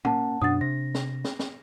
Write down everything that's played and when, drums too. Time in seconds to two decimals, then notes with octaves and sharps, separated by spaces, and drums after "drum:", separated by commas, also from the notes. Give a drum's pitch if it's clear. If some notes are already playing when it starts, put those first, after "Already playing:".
0.05 A#3 C#4 F#5 A5, drum: tom
0.42 F#2 B2 D4 F#5 D#6 A6
0.61 C3 A#6
0.95 drum: snare
1.24 drum: snare
1.39 drum: snare